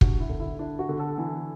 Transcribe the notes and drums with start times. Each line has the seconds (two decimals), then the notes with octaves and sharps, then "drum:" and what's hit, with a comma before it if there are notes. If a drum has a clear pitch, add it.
0.01 D4 F#4, drum: kick
0.20 E4
0.29 D3
0.40 E4
0.59 D4 E4
0.79 F#4
0.89 D3
0.99 A4
1.18 E3